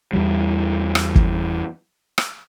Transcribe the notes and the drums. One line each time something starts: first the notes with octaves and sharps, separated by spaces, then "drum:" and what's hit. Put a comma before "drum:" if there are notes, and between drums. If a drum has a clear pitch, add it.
E2 E3 G3
drum: rim click
drum: kick
drum: rim click